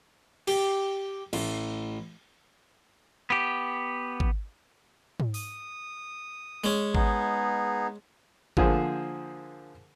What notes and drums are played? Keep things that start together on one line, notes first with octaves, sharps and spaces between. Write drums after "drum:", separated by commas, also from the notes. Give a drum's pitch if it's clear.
G4, drum: cymbal
A1, drum: cymbal
B3 G4
drum: kick
drum: tom G#2
D#6, drum: open hi-hat
G#3 C#4, drum: open hi-hat
B3 D#4 G#4, drum: kick
D3 F3 A#3 G#4 C5, drum: kick